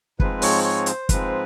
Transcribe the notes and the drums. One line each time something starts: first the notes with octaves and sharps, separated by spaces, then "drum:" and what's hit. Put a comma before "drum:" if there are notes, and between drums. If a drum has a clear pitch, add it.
G#2 F3 G#3 C4 B4, drum: kick
C#5, drum: open hi-hat
C#5
C5, drum: hi-hat
G#2 F3 G#3 C4 B4, drum: kick, hi-hat